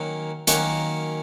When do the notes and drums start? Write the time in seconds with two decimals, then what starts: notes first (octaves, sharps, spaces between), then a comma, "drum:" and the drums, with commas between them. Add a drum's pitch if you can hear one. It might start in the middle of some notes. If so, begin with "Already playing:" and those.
Already playing: D#3 F#3 A#3 C#4 F#4
0.47 D#3 F#3 A#3 C#4 F#4, drum: hi-hat